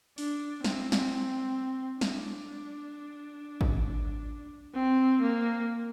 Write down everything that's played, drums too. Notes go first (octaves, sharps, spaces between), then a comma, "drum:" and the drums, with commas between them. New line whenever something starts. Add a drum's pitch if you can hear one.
D4, drum: open hi-hat
C4, drum: snare
drum: snare
D4, drum: snare
drum: kick G#1
C4
A#3